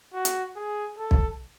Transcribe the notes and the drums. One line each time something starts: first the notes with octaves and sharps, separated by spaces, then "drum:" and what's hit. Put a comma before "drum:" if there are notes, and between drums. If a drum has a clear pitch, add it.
F#4
drum: hi-hat
G#4
A4
drum: kick